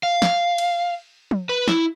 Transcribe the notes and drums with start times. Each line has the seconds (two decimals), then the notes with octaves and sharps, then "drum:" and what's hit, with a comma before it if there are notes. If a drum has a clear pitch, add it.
0.03 F5
0.22 drum: snare
0.58 drum: cymbal
1.31 drum: tom
1.49 B4
1.68 E4, drum: snare